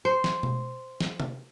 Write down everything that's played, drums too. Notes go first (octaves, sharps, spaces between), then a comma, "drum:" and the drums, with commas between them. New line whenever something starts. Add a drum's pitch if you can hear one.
C5
drum: snare
drum: tom B2
drum: snare
drum: tom C3